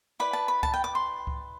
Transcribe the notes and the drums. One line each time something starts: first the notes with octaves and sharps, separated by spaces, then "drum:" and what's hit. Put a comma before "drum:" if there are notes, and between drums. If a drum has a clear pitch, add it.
E4 B4 D5 B5
A5
B5
A5, drum: kick C#2
G5
D6
C6
drum: kick C#2